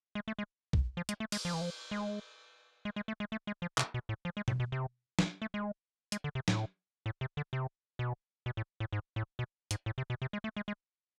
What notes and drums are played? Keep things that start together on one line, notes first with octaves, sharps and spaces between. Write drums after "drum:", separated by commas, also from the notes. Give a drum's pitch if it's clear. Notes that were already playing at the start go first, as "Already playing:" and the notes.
G#3
A3
G#3
drum: kick B1
F3
G#3, drum: hi-hat
A3
G#3, drum: cymbal
F3
E3
F3
G#3
G#3
G#3
A3
G#3
A3
G#3
F3
C3, drum: clap
B2
A2
F3
G#3
A2, drum: tom B2
B2
C3
E3, drum: snare
A3
G#3
G#3, drum: hi-hat
D3
C3
A2, drum: snare
A2
C3
D3
C3
B2
B2
A2
A2
G#2
A2
B2
G#2, drum: hi-hat
A2
C3
B2
C3
G#3
A3
G#3
G#3